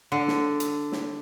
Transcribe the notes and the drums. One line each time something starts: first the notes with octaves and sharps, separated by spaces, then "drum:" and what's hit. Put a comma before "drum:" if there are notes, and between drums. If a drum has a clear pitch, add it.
D3
drum: snare
drum: hi-hat
drum: snare